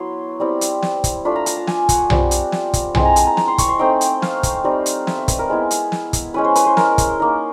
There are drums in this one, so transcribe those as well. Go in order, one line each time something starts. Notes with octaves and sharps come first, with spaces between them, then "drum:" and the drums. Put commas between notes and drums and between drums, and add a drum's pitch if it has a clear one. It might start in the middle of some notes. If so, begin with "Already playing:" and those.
Already playing: F#3 B3 E4 C6
G3 C4 E4
drum: hi-hat
drum: snare
drum: kick, hi-hat
A3 D4 F4 B5
A#5
A#5, drum: hi-hat
A5
G#5, drum: snare
F#5, drum: kick, hi-hat
G3 C4 F4, drum: tom B1
drum: hi-hat
drum: snare
drum: kick, hi-hat
G#3 C4 E4 G#5, drum: tom B1
A#5
A5, drum: hi-hat
A#5
A#5, drum: snare
C6
C#6, drum: kick, hi-hat
C6
A3 C4 D#4 G5
drum: hi-hat
F5, drum: snare
drum: kick, hi-hat
G3 C4 D#4
drum: hi-hat
E5, drum: snare
E5
B4, drum: kick, hi-hat
A#4
G#3 B3 E4
drum: hi-hat
drum: snare
drum: kick, hi-hat
G#3 C#4 E4 B4
C5
B4, drum: hi-hat
C5
A#4, drum: snare
drum: kick, hi-hat
A#3 D#4